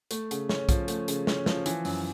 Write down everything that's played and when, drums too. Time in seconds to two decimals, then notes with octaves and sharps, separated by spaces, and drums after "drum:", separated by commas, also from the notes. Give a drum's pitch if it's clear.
0.11 A3, drum: hi-hat
0.31 C#3, drum: hi-hat
0.49 C#4, drum: snare
0.69 F3, drum: kick B1, hi-hat
0.88 A3, drum: hi-hat
1.08 C#3, drum: hi-hat
1.27 C#4, drum: snare
1.46 F3, drum: snare
1.66 E3, drum: hi-hat
1.85 F#2, drum: open hi-hat